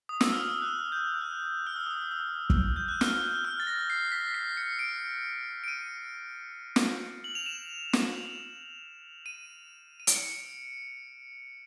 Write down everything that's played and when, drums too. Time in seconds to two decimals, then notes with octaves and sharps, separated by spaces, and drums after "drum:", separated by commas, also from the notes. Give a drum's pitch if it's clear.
0.09 D#6
0.21 E6, drum: snare
0.32 F6
0.62 F#6
0.92 G6
1.15 F6
1.21 F#6
1.67 F6
1.76 E6
1.86 D#6
1.97 E6
2.11 E6
2.50 drum: kick
2.76 G6
2.88 F#6
3.01 F6, drum: snare
3.23 F#6
3.45 F6
3.60 A6
3.67 A#6
3.90 C7
4.12 B6
4.34 C7
4.57 C#7
4.79 D7
5.64 D7
5.68 D#7
6.76 drum: snare
7.24 F#7
7.35 F7
7.46 E7
7.93 drum: snare
9.26 D#7
10.00 D#7
10.07 D7, drum: hi-hat
10.14 C#7